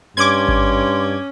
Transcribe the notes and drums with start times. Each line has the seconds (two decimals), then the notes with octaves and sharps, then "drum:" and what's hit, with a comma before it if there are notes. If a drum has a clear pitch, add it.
0.17 G2 C#4 C6 D6 G#6
0.48 drum: kick G#1